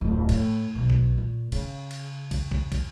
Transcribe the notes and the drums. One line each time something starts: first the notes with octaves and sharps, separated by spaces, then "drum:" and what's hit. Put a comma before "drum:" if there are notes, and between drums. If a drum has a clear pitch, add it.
D1 F2
A2, drum: cymbal
B1 B2
drum: kick
A#2
C#3, drum: cymbal
drum: cymbal
drum: kick, cymbal
drum: kick
drum: kick, cymbal